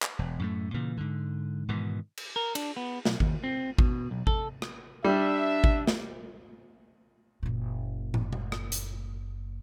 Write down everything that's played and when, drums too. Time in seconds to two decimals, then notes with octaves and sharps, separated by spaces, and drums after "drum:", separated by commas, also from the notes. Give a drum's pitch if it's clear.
0.02 drum: clap
0.19 E1
0.39 F#2 A2 A3
0.74 A#2 C#3 E3
0.97 G#2 D3
1.68 G#2 B2 D#3 E3
2.17 drum: cymbal
2.36 A#4
2.55 D4, drum: cymbal
2.77 B3
3.05 B1, drum: snare
3.20 D#2, drum: kick G#1
3.44 C4
3.78 B2, drum: kick G#1
4.11 B1
4.27 A4, drum: kick G#1
4.62 drum: rim click
5.04 G3 D4 E5
5.64 drum: kick G#1
5.87 drum: snare
7.43 F#1 A#2
8.14 drum: tom
8.33 drum: tom A#2
8.52 drum: rim click
8.72 drum: hi-hat